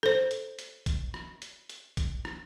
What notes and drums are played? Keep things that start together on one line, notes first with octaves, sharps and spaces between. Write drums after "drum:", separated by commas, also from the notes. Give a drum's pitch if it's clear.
A4 C5, drum: rim click
drum: hi-hat
drum: hi-hat
drum: kick B1, hi-hat
drum: rim click
drum: hi-hat
drum: hi-hat
drum: kick B1, hi-hat
drum: rim click